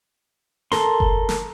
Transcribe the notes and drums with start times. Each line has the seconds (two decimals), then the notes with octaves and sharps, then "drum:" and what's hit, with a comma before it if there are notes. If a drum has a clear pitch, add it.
0.72 A4 A#4 C6, drum: snare
1.00 drum: kick F#1
1.29 drum: snare